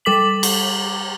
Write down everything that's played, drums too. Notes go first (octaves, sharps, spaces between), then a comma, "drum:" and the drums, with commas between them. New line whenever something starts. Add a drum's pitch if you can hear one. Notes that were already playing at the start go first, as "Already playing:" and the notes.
G3 A4 D6 B6 F#7
drum: cymbal